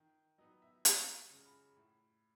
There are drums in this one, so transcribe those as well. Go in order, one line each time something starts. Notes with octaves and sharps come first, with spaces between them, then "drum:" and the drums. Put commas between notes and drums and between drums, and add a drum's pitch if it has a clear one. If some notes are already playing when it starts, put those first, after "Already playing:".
Already playing: D#3
F#3 B3 D#4 D#5
E5
F#2 F#5, drum: hi-hat
C#3 G#3 C#4
B5
A2